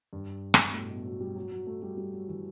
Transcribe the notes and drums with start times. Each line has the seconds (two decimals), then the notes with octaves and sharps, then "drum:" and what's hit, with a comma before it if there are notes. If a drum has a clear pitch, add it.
0.13 G2
0.54 drum: rim click
0.70 B2
0.75 A2
0.90 B2
1.06 F#3
1.21 G3
1.36 F#3
1.52 F#3
1.67 A3
1.83 G3
1.97 G3
2.13 F#3
2.28 E3